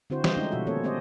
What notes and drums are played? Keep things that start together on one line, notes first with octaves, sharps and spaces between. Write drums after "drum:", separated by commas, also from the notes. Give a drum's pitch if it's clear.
D3 C4 E4 F#4 C5
G3 F4 G4 C5 D#5 E5, drum: snare
G#3 A3 C#4 D#4 G4
B2 F3 F#4 E5
D#3 A#3 C#4 A4 C#5
A3 C4 G4 C5 D5 D#5